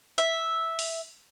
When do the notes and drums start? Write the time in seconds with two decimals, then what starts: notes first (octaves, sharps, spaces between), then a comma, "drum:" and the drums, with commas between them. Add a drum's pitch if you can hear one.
0.18 E5, drum: hi-hat
0.79 drum: open hi-hat